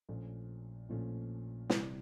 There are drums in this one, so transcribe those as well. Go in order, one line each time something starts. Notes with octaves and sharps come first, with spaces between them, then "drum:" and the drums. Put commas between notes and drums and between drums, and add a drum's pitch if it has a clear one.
A#1 A#2 F3 A3 C#4
A#1 A#2 F3 A3 C#4
C3 E3 G3, drum: snare